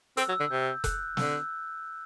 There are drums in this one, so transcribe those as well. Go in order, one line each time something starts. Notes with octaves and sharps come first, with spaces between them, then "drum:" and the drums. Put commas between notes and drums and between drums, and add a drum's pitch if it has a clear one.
C4 E6, drum: hi-hat
F#6
F#3
E6
D3
C3 G6
F#6, drum: kick F1, hi-hat
D3 E6, drum: snare